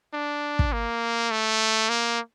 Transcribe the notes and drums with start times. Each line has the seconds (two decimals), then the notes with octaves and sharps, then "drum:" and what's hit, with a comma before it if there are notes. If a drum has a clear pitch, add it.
0.13 D4
0.59 drum: kick
0.73 A#3
1.31 A3
1.89 A#3